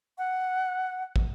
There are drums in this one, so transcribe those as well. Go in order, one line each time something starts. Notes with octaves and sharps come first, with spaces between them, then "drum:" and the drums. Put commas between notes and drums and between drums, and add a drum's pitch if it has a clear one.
F#5
drum: kick